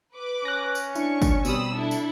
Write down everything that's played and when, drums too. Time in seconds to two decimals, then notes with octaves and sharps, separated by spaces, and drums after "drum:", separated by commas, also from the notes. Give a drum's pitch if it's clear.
0.16 B4 D6
0.45 C#4 F#6 A#6
0.75 drum: tambourine
0.95 D4 E4 C#6, drum: tambourine
1.22 drum: kick, tambourine
1.45 B2 G3 C4 B5 D#6 E6, drum: tambourine
1.75 D4 E4 A4
1.91 drum: tambourine